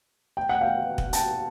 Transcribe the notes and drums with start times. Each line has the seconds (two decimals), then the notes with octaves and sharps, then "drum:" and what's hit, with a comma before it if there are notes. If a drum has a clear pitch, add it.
0.37 G5
0.49 F#5
0.61 F5 G5
0.98 drum: kick
1.13 G5 A5, drum: hi-hat